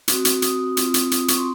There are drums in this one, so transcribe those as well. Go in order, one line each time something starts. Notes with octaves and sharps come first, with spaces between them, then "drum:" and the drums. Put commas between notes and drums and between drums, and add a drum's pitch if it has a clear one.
C4 F#4 D#6, drum: hi-hat
drum: hi-hat
D#6, drum: hi-hat
C4 F4, drum: hi-hat
drum: hi-hat
D#6, drum: hi-hat
C#6, drum: hi-hat
C6